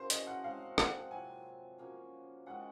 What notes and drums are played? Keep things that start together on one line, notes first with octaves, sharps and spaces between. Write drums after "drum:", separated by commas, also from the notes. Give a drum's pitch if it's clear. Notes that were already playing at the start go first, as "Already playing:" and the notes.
Already playing: C#3 F#3 C#4 A#4 C5
D#5, drum: hi-hat
F#5
G#3 C4 F#4 F5
F#5, drum: rim click
C3 F#3 A#3 F4 G#5
F3 A#3 C#4 F#4
D#3 G#3 C#4 F#5